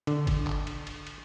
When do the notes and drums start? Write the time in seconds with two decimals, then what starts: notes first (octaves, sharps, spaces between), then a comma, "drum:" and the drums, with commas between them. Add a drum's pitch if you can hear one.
0.07 D3, drum: cymbal
0.27 drum: kick, cymbal
0.47 drum: clap
0.67 drum: cymbal
0.87 drum: cymbal
1.07 drum: cymbal